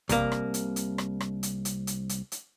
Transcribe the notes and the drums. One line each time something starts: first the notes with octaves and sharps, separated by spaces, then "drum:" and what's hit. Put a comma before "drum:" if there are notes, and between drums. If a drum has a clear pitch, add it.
C2 A#3, drum: kick, hi-hat
drum: rim click
drum: hi-hat
drum: hi-hat
drum: rim click
drum: rim click
drum: hi-hat
drum: hi-hat
drum: hi-hat
drum: hi-hat
drum: hi-hat